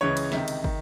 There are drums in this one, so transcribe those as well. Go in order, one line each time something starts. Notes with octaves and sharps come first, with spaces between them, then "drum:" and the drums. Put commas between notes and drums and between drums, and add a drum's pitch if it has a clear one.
C#2 C#3 E3 C#5
drum: cymbal
C#2 C3 D#3 E5, drum: snare
drum: cymbal
D#3, drum: kick